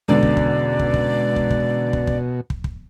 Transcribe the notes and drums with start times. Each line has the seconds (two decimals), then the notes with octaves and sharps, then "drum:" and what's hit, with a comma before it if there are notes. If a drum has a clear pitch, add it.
0.08 E2 B2 D3 G#3 C#4 D4 D5
0.23 drum: kick
0.37 drum: kick
0.79 drum: kick
0.94 drum: kick
1.36 drum: kick
1.51 drum: kick
1.93 drum: kick
2.07 drum: kick
2.50 drum: kick
2.64 drum: kick